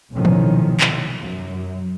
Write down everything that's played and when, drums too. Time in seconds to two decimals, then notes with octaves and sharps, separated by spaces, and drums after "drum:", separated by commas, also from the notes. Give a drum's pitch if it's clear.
0.13 B1 A2 C3 D#3 F3 C#4
0.25 drum: tom
0.80 drum: clap
1.20 F#2